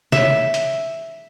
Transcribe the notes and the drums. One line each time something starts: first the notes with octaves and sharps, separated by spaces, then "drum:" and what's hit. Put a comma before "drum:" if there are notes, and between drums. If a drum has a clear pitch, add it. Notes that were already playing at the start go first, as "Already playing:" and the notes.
E5, drum: snare
drum: hi-hat